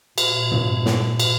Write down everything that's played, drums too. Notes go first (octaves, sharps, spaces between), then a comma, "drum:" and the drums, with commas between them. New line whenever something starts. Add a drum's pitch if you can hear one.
A#2, drum: cymbal
drum: tom
drum: snare
drum: cymbal